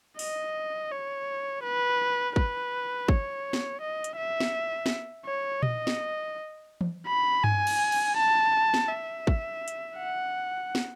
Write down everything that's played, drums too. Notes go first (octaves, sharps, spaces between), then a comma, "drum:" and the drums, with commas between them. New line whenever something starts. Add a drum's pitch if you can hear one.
D#5, drum: open hi-hat
C#5
B4
B4, drum: kick
C#5, drum: kick
drum: snare
D#5
drum: hi-hat
E5
drum: snare
drum: snare
C#5
D#5, drum: tom A#2
drum: snare
drum: tom E3
B5
G#5, drum: tom G2
drum: cymbal
drum: cymbal
A5
drum: snare
E5
drum: kick
drum: hi-hat
F#5
drum: snare